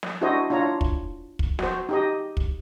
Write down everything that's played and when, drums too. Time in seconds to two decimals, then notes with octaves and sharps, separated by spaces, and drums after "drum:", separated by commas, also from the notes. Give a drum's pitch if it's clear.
0.03 drum: snare
0.21 D4 E4 F#4 A4 C5 D#5
0.50 D4 E4 F4 C#5 A#5
0.81 drum: kick
1.39 drum: kick
1.59 F#4 C5, drum: snare
1.89 D#4 G4 D#5
2.37 drum: kick